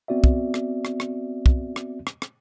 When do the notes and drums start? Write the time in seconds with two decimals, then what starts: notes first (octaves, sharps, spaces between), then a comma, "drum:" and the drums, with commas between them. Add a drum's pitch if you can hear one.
0.08 B3 C4 F#4 D5 E5
0.24 drum: kick
0.54 drum: rim click
0.85 drum: rim click
1.00 drum: rim click
1.46 drum: kick
1.76 drum: rim click
2.07 drum: rim click
2.22 drum: rim click